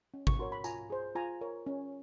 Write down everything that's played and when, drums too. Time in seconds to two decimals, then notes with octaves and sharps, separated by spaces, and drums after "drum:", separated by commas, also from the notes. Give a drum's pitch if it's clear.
0.14 C#4
0.27 C#6, drum: kick G#1
0.39 F#4 A#4 C#5 C6
0.52 B5
0.64 F4 G#5 A#5, drum: tambourine
0.90 G#4 C5
1.15 F4 G#5 A#5
1.41 A#4 C#5
1.66 C#4